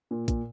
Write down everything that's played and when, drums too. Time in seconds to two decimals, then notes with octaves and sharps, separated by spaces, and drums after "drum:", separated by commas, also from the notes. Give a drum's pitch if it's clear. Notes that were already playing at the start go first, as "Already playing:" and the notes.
0.11 A#2
0.28 A#2, drum: kick A#1, hi-hat